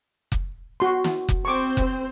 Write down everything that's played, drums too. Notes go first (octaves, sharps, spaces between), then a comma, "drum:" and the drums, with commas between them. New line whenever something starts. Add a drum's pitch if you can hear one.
drum: kick F1
F#4 C6
drum: snare
drum: kick F1
C4 C5 C#6 D6
drum: kick F1